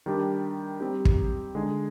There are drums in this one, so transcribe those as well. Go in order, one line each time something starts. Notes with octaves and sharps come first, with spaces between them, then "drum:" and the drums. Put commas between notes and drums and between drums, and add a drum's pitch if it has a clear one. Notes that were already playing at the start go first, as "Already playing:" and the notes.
D#3 G3 D4 G4
G3 C4 D#4 G4
drum: kick
D3 G#3 D#4 G#4